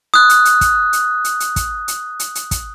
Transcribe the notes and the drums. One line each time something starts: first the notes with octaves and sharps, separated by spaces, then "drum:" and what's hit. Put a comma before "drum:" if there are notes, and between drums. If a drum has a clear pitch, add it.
D#6 F#6
drum: hi-hat
drum: hi-hat
drum: kick, hi-hat
drum: hi-hat
drum: hi-hat
drum: hi-hat
drum: kick, hi-hat
drum: hi-hat
drum: hi-hat
drum: hi-hat
drum: kick, hi-hat